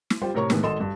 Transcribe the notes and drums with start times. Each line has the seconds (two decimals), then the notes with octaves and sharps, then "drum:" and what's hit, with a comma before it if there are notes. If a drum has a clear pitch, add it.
0.10 drum: snare
0.22 G3 F4 C5 G5
0.34 A2 C3 A#4 C#5 A#5 C#6
0.50 A2 D#3 E3 G#3 B3, drum: snare
0.63 G#1 A4 D#5 C6 E7
0.80 G2